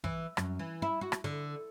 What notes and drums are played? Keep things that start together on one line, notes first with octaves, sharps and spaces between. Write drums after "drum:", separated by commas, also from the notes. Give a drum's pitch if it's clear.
E3, drum: kick
F#2, drum: rim click
E3
E4
F#4
drum: rim click
D3